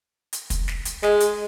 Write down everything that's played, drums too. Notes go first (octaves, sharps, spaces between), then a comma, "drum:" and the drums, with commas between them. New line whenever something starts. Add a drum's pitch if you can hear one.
drum: hi-hat
drum: kick, hi-hat
drum: snare
drum: hi-hat
G#3, drum: snare
drum: hi-hat